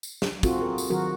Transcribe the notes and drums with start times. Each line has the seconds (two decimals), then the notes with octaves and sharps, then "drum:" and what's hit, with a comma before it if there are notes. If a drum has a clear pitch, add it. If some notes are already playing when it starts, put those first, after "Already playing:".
0.03 drum: tambourine
0.22 drum: snare
0.43 C4 F4 F#4 A4, drum: kick, tambourine
0.59 G#4 A#4
0.78 drum: tambourine
0.90 D#3 F#3 F#4 A#4